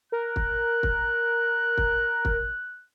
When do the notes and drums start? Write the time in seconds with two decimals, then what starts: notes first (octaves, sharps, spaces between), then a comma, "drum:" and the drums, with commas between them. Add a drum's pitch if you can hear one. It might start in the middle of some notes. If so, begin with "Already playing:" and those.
0.12 A#4 F#6
0.36 drum: kick
0.83 drum: kick
1.78 drum: kick
2.25 drum: kick